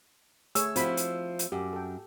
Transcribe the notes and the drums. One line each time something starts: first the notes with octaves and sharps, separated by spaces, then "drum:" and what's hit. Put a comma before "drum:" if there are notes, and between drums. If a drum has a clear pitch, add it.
A3 G#4 C#5 E6, drum: hi-hat
F3 C4 E4 F#4 B5, drum: hi-hat
drum: hi-hat
drum: hi-hat
F#2 G4
A4 G5